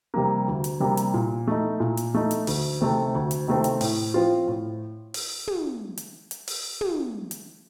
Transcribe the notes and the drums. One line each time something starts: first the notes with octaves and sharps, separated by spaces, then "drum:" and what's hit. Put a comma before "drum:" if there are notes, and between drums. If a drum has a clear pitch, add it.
C3 G3 A#3
D2
drum: hi-hat
C3 G3 A#3
drum: hi-hat
A#2
A3 D#4
A#2
drum: hi-hat
A3 D#4
drum: hi-hat
D2, drum: open hi-hat
C3 D#3 A3 C4
D2
drum: hi-hat
C3 D#3 A3 C4
drum: hi-hat
A2, drum: open hi-hat
F3 C4 F4
A2
drum: open hi-hat
drum: tom
drum: hi-hat
drum: hi-hat
drum: open hi-hat
drum: tom
drum: hi-hat